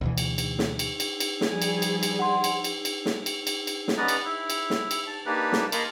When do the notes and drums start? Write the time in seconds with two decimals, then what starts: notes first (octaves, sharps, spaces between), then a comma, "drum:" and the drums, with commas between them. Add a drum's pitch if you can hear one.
0.01 D2 B2 E3
0.18 drum: cymbal
0.38 drum: cymbal
0.59 drum: snare
0.79 drum: cymbal
1.00 drum: cymbal
1.20 drum: cymbal
1.41 F3 G3 G#4, drum: snare
1.62 drum: cymbal
1.82 drum: cymbal
2.03 drum: cymbal
2.19 F#5 C6
2.44 drum: cymbal
2.64 drum: cymbal
2.85 drum: cymbal
3.06 drum: snare
3.26 drum: cymbal
3.47 drum: cymbal
3.67 drum: cymbal
3.88 drum: snare
3.98 B3 C#4 B4 D5 D#5 A#5
4.08 drum: cymbal
4.25 E4
4.50 drum: cymbal
4.70 drum: snare
4.91 drum: cymbal
5.07 A5
5.26 A#3 D4 D#4 G4 B4 A5
5.52 drum: snare
5.72 A#3 A#4 D#5 A5 B5 C6, drum: cymbal